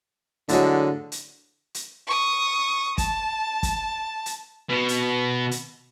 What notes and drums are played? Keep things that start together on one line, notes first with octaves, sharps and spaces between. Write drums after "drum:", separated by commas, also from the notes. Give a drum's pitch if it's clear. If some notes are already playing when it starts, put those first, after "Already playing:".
A2 D3 F#3 G#3, drum: hi-hat
drum: hi-hat
drum: hi-hat
C#6 D#6
A5, drum: kick, hi-hat
drum: kick, hi-hat
drum: hi-hat
B2
drum: hi-hat
drum: hi-hat